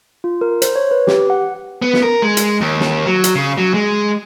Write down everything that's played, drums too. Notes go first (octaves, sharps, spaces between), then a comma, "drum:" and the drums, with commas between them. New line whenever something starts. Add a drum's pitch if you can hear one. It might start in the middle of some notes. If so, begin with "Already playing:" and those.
F4
A#4
C5, drum: hi-hat
C#5
B4
G4, drum: snare
F#5
B3
drum: snare
A#4
G#3
drum: hi-hat
D#2
drum: snare
F#3
drum: hi-hat
C#3
F#3
G#3